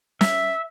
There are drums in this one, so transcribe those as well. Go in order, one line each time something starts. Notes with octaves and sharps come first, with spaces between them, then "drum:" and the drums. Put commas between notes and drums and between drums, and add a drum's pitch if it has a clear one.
E5, drum: snare